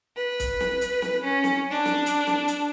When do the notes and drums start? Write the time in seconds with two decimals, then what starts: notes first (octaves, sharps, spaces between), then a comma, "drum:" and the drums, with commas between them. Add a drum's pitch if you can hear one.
0.16 B4
0.40 drum: kick, hi-hat
0.60 drum: snare
0.81 drum: hi-hat
1.02 drum: snare
1.23 C#4
1.44 drum: snare
1.71 D4
1.85 drum: snare
2.06 drum: hi-hat
2.27 drum: snare
2.48 drum: hi-hat